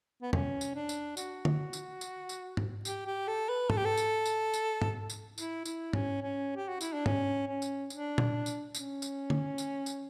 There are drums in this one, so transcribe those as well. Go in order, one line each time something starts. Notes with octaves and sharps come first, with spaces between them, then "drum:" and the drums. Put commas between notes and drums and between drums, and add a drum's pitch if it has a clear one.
B3
C#4, drum: tom E2
drum: tambourine
D4
drum: tambourine
F#4, drum: tambourine
drum: tom D3
drum: tambourine
drum: tambourine
drum: tambourine
drum: tom G#2
G4, drum: tambourine
G4
A4
B4
A4, drum: tom G#2
G4
A4
drum: tambourine
drum: tambourine
drum: tambourine
drum: tom G#2
drum: tambourine
E4, drum: tambourine
E4, drum: tambourine
C#4, drum: tom G#2
C#4
G4
F#4
E4, drum: tambourine
D4
C#4, drum: tom G#2
C#4
drum: tambourine
D4, drum: tambourine
drum: tom A#2
drum: tambourine
C#4, drum: tambourine
drum: tambourine
drum: tom D3
drum: tambourine
drum: tambourine